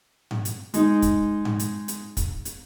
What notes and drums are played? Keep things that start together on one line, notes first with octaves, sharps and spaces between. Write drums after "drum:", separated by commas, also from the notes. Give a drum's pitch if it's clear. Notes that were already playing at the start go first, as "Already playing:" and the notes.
drum: tom G#2
drum: hi-hat
G#3 D#4, drum: hi-hat
drum: kick, hi-hat
drum: tom G#2
drum: hi-hat
drum: hi-hat
drum: kick, hi-hat
drum: hi-hat